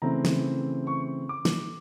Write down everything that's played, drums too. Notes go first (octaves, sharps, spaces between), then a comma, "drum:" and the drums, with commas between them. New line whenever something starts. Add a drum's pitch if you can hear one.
C#3 E3 A3 C4 A#5
drum: snare
C#6
D6
drum: snare